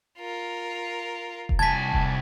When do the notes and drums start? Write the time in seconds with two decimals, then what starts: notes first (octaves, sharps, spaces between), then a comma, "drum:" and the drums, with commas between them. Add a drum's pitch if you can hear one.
0.19 F4 A#4
1.49 drum: kick E1
1.59 C2 G#5 A5 G#6 B6
1.93 drum: kick E1